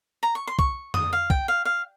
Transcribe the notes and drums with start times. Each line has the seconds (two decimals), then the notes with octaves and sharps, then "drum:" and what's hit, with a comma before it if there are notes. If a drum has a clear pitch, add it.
0.23 A#5
0.35 C#6
0.47 C6
0.59 C#6, drum: kick
0.94 D#6, drum: tom F2
1.13 F5
1.30 G5, drum: kick
1.48 F5
1.65 F5